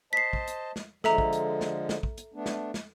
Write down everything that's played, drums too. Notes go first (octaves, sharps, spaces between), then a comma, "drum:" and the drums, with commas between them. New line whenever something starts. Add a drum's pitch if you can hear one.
C5 D#5 A5 B6 C7
drum: kick
drum: hi-hat
drum: snare
D3 F3 G#3 A4 E5 A#5, drum: snare
drum: kick
drum: hi-hat
drum: snare
drum: snare
drum: kick
drum: hi-hat
A3 B3 D4
drum: snare
drum: snare